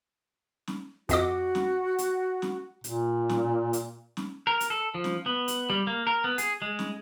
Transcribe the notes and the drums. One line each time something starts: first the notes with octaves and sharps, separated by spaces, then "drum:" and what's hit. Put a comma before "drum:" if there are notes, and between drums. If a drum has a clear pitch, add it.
drum: snare
F2 F#4 D#5 D6, drum: hi-hat
drum: snare
drum: hi-hat
drum: snare
A#2, drum: hi-hat
drum: snare
drum: hi-hat
drum: snare
A#4
drum: hi-hat
A4
F3
drum: snare
B3
drum: hi-hat
G3
A#3
A#4
B3
G#4, drum: hi-hat
G#3
drum: snare